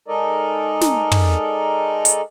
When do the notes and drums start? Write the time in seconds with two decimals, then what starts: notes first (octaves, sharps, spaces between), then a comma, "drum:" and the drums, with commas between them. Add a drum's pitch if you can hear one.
0.08 G#3 D#4 A4 A#4 D5 D#5
0.81 drum: snare
1.12 drum: tom
2.05 drum: hi-hat